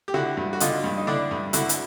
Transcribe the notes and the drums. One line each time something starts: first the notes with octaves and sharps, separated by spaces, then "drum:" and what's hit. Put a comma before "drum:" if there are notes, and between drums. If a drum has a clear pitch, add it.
G4
D3 E4 F#4
G2
F#4
D3 D#4 F4, drum: hi-hat
G2
D#4
D3 D4 E4
G2
D3 E4 F#4, drum: hi-hat
drum: hi-hat